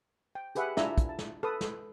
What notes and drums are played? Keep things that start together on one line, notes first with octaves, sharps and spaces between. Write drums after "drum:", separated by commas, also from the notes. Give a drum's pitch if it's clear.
G5
G4 G#4 B4 E5 F#5, drum: hi-hat
D4 E4 F4 E5 G#5 A#5, drum: snare
drum: kick, hi-hat
A5
drum: snare
A4 B4 D#6
drum: snare